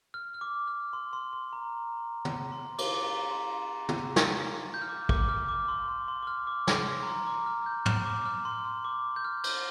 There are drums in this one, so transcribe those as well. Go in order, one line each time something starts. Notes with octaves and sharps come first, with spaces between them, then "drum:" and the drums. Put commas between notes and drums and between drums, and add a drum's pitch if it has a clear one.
F6
F6
D6
F6
C6
C6
C6
A#5
drum: tom
C6
D6, drum: cymbal
A#5
C6
drum: tom
drum: snare
G6
F6
D6
D6, drum: kick
F6
D6
C6
C6
C6
D6
F6
D6
C6, drum: snare
C6
A#5
C6
D6
F6
G6
F6, drum: tom
D6
F6
C6
C6
D6
G6
F6
G6, drum: cymbal